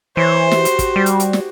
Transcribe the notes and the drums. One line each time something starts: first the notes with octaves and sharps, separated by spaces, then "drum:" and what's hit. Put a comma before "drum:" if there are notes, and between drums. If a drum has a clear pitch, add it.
E3 C5 C#5
F#4 G4, drum: snare
drum: hi-hat
drum: kick, hi-hat
G3
drum: hi-hat
drum: hi-hat
drum: snare